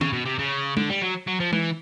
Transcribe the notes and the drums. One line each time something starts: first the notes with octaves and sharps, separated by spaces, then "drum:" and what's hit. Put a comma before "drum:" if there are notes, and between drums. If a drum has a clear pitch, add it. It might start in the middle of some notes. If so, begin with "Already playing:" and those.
C#3, drum: tom
B2
C3
C#3
D3, drum: tom
G3
F#3
F#3
F3
E3, drum: tom